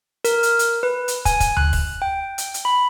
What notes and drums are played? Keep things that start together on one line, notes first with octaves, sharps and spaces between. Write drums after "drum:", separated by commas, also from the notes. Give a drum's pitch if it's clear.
A#4, drum: hi-hat
drum: hi-hat
drum: hi-hat
B4
drum: hi-hat
G#5, drum: kick, hi-hat
drum: kick, hi-hat
F#6, drum: tom D2
drum: kick, open hi-hat
G5
drum: hi-hat
drum: hi-hat
B5